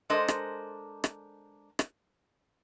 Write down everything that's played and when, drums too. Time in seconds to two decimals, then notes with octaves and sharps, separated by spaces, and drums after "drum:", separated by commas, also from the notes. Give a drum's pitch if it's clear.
0.10 G#3 D4 A4 A#4 C5 D#5
0.28 drum: rim click
1.04 drum: rim click
1.79 drum: rim click